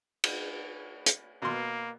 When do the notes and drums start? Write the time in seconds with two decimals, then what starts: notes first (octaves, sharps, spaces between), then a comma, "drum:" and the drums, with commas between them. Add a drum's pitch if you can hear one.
0.24 drum: cymbal
1.06 drum: hi-hat
1.42 B2 A#3 C6